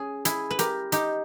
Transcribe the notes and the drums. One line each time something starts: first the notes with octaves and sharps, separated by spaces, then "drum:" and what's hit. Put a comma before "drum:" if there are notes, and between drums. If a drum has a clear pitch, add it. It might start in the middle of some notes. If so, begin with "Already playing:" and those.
Already playing: C#4 G#4
E4 G#4, drum: hi-hat
B4
G4 A#4, drum: hi-hat
D#4 G4, drum: hi-hat